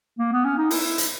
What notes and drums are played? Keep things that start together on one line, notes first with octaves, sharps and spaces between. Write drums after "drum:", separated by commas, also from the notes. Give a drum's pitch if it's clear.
A#3
B3
C#4
D#4
E4, drum: open hi-hat
drum: hi-hat